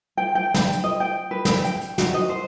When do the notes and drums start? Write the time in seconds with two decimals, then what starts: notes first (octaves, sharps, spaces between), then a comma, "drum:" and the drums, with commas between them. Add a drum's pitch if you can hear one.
0.17 G5
0.35 G5
0.54 G5, drum: snare
0.73 drum: hi-hat
0.84 D#5
1.00 G5
1.31 B4
1.45 drum: snare
1.64 G5, drum: hi-hat
1.81 drum: hi-hat
1.98 F#4, drum: snare
2.14 D#5
2.30 C5